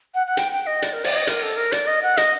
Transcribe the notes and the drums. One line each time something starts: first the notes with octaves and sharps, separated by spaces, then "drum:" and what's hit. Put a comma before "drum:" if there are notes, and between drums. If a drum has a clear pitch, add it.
F#5
F#5
G5, drum: hi-hat
G5
D#5
D5, drum: hi-hat
A#4
D5, drum: open hi-hat
D#5
A#4, drum: hi-hat
A4
A#4
D5, drum: hi-hat
D#5
F#5
D#5, drum: hi-hat